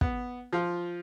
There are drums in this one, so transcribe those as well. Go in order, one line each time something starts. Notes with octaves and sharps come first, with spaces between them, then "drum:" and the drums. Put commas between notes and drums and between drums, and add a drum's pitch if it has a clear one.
B3, drum: kick
F3 F4